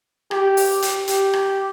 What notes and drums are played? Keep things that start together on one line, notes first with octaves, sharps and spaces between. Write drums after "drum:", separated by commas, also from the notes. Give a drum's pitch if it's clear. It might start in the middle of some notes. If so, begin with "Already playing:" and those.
G4, drum: rim click
drum: open hi-hat
drum: hi-hat
G4, drum: hi-hat
drum: rim click